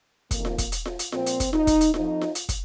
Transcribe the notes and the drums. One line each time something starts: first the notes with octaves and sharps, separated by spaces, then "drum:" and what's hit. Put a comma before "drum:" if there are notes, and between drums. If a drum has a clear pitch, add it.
F2 C3 D#3 A#3, drum: kick, hi-hat
drum: snare F4
drum: kick, hi-hat
drum: hi-hat
drum: snare F4
drum: hi-hat
A#2 F3 C4, drum: snare F4
drum: hi-hat
drum: kick, hi-hat
D#4, drum: snare F4
drum: kick, hi-hat
drum: hi-hat
F2 F3 D#4, drum: snare F4
drum: snare F4
drum: hi-hat
drum: kick, hi-hat